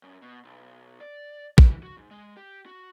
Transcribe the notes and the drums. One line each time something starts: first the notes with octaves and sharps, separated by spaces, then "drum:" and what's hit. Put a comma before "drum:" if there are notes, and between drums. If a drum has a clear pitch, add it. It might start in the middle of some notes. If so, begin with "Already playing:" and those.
F#2
B2
B1
D5
E3, drum: kick
F#4
G#2
G#3
G4
F#4